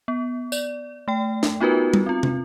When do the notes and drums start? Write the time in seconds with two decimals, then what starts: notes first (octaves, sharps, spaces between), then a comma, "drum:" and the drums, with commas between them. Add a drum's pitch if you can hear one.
0.08 B3
0.52 D5, drum: tambourine
1.08 A3 G5
1.43 drum: snare
1.61 B3 D#4 F4 F#4 A#4 B4
1.94 drum: tom G3
2.06 C4 F4
2.23 drum: tom